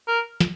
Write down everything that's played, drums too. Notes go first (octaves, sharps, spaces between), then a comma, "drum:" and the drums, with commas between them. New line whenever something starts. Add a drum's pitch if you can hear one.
A#4
drum: snare